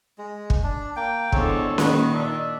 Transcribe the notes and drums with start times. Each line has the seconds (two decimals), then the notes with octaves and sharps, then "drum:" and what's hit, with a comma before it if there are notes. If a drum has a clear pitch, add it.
0.18 G#3
0.50 drum: kick
0.63 D4
0.96 A#3 G5
1.32 E2 D3 G#3 C4 A4 C#5, drum: kick
1.78 A#2 D#3 F#4 B4 D#5, drum: snare C#4
2.14 D4 E5